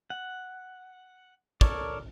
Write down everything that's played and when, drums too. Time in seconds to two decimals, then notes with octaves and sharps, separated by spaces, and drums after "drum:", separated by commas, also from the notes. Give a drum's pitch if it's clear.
0.10 F#5
1.61 A4 A#4 C#5 D5, drum: kick